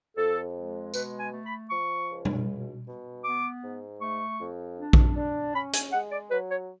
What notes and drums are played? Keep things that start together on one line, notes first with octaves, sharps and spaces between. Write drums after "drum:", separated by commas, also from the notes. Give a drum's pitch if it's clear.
F2 A4
G#3
B2 B4, drum: tambourine
G#5
A3
B5
F3 C#6
C#2
drum: tom B2
B2
B2
B3 D6
G#2
A3 C#6
F2
D4
drum: kick A#1
D4
C#4 B5
G#5, drum: hi-hat
G#3 F#5
D5
F#3 B4
C#5